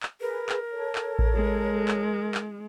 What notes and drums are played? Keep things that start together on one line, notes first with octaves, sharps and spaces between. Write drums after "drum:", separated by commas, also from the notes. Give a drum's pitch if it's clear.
drum: clap
G#4 A#4 B4
drum: clap
A4 C#5
drum: clap
drum: kick A1
G#3
drum: clap
drum: clap